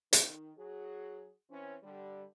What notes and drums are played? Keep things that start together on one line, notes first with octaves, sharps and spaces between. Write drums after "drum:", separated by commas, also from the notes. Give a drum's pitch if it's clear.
D#3, drum: hi-hat
F#3 F#4 G#4
E3 C4 C#4
D3 G3